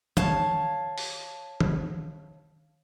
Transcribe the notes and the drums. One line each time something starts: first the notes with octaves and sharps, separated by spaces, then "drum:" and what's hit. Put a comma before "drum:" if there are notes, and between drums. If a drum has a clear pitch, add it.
C#5 F5 A5, drum: tom D#3
drum: open hi-hat
drum: tom D#3